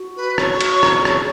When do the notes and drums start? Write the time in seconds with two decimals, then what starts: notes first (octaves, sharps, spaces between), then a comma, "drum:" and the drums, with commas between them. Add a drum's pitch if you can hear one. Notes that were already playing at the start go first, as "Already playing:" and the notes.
Already playing: F#4
0.16 B4
0.38 C#5, drum: rim click
0.61 drum: cymbal
0.83 drum: rim click
1.05 G#4, drum: rim click